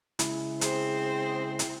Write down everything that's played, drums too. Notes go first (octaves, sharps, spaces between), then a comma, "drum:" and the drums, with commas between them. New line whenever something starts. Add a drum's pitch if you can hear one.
C#3 G#3 E4, drum: hi-hat
C4 G#4 C5, drum: hi-hat
drum: hi-hat